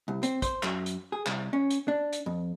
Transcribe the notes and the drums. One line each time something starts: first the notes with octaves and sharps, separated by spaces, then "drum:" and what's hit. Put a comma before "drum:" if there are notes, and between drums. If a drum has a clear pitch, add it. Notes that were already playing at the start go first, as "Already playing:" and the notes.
C2
C4, drum: hi-hat
C5, drum: kick, hi-hat
F#2, drum: clap
drum: hi-hat
G#4
C2, drum: clap
C#4
drum: hi-hat
D4
drum: hi-hat
F2